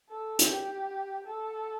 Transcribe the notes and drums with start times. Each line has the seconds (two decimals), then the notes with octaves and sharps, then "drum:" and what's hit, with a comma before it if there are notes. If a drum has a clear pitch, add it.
0.09 A4
0.39 drum: hi-hat
0.48 G4
1.26 A4